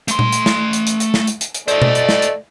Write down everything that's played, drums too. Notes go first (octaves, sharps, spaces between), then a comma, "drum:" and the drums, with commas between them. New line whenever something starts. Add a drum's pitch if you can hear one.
A3 C6, drum: hi-hat
drum: tom A#2
drum: hi-hat
drum: snare
drum: hi-hat
drum: hi-hat
drum: hi-hat
drum: snare
drum: hi-hat
drum: hi-hat
drum: hi-hat
A3 C5 D5 D#5, drum: hi-hat
drum: tom B2
drum: hi-hat
drum: snare
drum: hi-hat